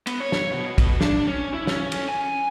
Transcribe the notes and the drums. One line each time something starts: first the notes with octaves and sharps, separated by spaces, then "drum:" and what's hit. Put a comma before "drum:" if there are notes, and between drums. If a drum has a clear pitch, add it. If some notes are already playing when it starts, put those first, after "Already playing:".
B3, drum: cymbal
C#5
drum: snare
B2
B2, drum: kick, cymbal
D4, drum: snare
C#4
E4
C#4, drum: snare
drum: cymbal
G#5